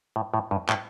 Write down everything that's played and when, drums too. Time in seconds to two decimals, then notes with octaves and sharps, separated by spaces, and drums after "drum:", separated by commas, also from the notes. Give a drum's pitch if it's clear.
0.16 A2
0.34 A2
0.51 G2
0.69 A2, drum: clap